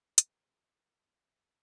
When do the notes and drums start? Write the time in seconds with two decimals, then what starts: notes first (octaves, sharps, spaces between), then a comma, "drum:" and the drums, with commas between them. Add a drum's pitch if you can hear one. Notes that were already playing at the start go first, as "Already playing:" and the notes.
0.18 E1 G#3 B3 A#5 G#6 A#6, drum: hi-hat